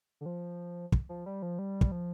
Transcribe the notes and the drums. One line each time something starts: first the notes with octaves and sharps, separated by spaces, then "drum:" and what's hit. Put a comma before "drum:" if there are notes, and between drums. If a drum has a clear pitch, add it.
D3
F3
drum: kick
F3
G3
F3
G3
drum: kick
F3